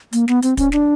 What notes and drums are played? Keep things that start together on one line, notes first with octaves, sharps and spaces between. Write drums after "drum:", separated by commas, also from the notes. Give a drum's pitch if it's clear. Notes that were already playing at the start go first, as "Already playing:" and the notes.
A#3, drum: hi-hat
B3, drum: snare
C4, drum: hi-hat
C#4, drum: kick, hi-hat
D4, drum: snare